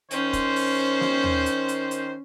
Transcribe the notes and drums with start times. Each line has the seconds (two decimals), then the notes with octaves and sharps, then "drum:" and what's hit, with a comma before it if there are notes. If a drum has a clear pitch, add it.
0.11 D#3 C#4 C5, drum: hi-hat
0.33 drum: kick E1, hi-hat
0.56 drum: open hi-hat
1.01 drum: snare
1.23 drum: tom
1.46 drum: hi-hat
1.68 drum: hi-hat
1.91 drum: hi-hat